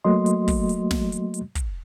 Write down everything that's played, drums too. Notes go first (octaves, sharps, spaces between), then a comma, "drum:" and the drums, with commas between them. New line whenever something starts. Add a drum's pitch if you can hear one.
F#3 A3 A#3 F#4 D#5 C6
drum: hi-hat
drum: kick, open hi-hat
drum: hi-hat
drum: snare
drum: hi-hat
drum: hi-hat
drum: kick, hi-hat